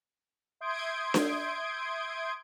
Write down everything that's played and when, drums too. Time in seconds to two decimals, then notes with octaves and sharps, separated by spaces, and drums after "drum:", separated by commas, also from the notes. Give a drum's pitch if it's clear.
0.61 E5 C6 D#6 G6 G#6 D7
1.14 drum: snare D4